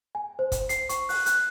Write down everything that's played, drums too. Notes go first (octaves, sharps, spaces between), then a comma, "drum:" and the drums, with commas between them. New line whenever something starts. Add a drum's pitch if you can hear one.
G#5
C5
drum: kick, hi-hat
C7, drum: hi-hat
C#6, drum: hi-hat
F#6, drum: open hi-hat
F#6, drum: hi-hat